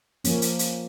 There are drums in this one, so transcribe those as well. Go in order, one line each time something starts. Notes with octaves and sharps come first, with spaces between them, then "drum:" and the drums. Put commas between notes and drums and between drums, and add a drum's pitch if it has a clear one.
F3 A#3 C#4, drum: hi-hat
drum: hi-hat
drum: hi-hat